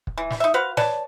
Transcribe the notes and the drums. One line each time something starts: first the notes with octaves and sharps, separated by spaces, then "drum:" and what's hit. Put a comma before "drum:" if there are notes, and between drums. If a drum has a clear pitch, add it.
drum: kick
E3
drum: snare
D#4 E5
F#4 B4 C5 F5
B4 C#5 D5 A5, drum: snare